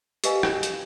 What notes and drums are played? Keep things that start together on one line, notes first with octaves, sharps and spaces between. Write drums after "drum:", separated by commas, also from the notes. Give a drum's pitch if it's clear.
G4 A#4 B4 D#5 F5 G#5, drum: hi-hat
drum: rim click
drum: hi-hat